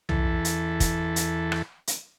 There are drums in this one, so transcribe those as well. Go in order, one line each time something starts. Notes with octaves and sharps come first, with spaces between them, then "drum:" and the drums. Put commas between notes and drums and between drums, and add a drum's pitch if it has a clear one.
E2 E3 A4, drum: tom B1
drum: hi-hat
drum: kick, hi-hat
drum: hi-hat
drum: rim click
drum: hi-hat